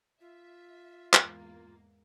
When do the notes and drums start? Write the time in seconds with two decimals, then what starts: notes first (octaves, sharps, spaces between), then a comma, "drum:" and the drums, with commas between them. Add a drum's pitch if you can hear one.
0.21 F4 E5
1.13 E2 G#2 A#3, drum: clap